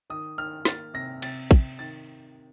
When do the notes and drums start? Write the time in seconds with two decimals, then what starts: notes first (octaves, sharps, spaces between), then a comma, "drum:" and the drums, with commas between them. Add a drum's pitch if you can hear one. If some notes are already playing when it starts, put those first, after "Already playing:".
0.10 D#3 D#6
0.38 D#3 F6
0.65 A#3 A6, drum: snare
0.94 C3 A#6
1.22 C3 A6, drum: cymbal
1.51 C3, drum: kick
1.79 D#3 A6